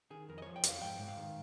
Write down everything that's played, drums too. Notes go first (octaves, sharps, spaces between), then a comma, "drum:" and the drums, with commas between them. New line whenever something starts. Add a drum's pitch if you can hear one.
D#3 G#4
F2 A#4
D#5
F3 C#5
G5
F2, drum: hi-hat
F5
G#2 G5
G#2
F5
D#3